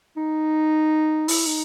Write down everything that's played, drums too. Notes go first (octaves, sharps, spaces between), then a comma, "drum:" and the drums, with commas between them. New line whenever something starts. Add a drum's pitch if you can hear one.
D#4
E4, drum: open hi-hat
D#4